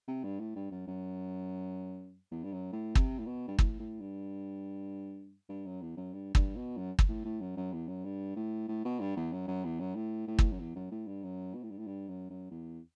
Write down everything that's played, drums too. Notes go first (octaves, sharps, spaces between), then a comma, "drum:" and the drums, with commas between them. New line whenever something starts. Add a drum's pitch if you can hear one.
C3
G2
A2
G2
F#2
F#2
E2
G2
F#2
A2
C3, drum: kick
A2
B2
G2
A2, drum: kick
A2
G2
G2
F#2
E2
F#2
G2
G2, drum: kick
B2
F#2
drum: kick
A2
A2
F#2
F#2
E2
F#2
G2
A2
A2
B2
G2
E2
F#2
F#2
E2
F#2
A2
A2
drum: kick
F#2
E2
F#2
A2
G2
F#2
B2
A2
G2
A2
G2
F#2
F#2
E2